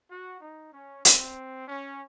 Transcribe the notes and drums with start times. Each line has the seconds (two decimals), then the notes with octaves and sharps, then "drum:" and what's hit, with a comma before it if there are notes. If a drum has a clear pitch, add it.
0.09 F#4
0.40 D#4
0.73 C#4
1.05 C4, drum: hi-hat
1.68 C#4